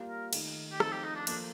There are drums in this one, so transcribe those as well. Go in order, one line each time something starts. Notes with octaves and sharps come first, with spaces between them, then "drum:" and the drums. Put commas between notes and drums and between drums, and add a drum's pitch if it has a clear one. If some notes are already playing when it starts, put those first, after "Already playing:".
Already playing: G3 A#3 F4
A#4
D#3 A3 D#4, drum: cymbal
G4
F3 A3 C4 D#4 A4, drum: rim click
G4
D#4
D4
F3 A#3 D4 F4 A4, drum: cymbal